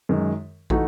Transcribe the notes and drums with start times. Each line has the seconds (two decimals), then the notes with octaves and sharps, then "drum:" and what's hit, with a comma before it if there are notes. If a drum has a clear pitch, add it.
0.09 F#2 D#3 G#3
0.70 E3 A3 D#4 F#4, drum: kick